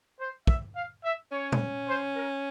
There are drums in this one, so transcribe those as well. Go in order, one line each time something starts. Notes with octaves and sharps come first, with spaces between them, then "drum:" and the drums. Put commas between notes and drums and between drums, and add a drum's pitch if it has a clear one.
C5
E5, drum: kick
F5
E5
C#4 C#5
drum: tom
C5
A#4